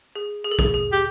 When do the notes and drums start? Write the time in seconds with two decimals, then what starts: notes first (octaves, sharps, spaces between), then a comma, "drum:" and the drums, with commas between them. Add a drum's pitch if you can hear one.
0.15 G#4
0.45 G#4
0.51 A4
0.59 G#4, drum: kick
0.74 G#4
0.92 G4